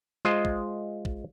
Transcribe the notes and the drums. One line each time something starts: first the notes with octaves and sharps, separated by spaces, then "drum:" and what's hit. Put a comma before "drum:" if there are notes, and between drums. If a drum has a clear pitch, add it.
G#3 F4 C5 D#5
drum: kick
drum: kick